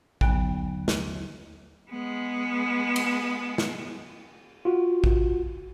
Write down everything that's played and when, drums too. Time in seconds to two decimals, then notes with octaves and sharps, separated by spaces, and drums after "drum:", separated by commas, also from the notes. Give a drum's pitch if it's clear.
0.21 D#2 D3 F#3 B3 G5 G#5, drum: kick A1
0.88 drum: snare
1.90 G#3 B3
2.96 drum: cymbal
3.58 drum: snare
4.65 F4 F#4
5.04 drum: kick A1